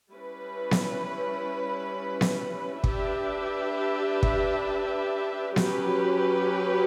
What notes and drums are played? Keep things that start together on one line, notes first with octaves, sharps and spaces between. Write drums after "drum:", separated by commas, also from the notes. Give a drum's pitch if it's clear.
G3 C#4 E4 B4
drum: snare B3
drum: snare B3
D4 G4 B4 E5, drum: kick
drum: kick
F#3 C#4 G4 B4, drum: snare B3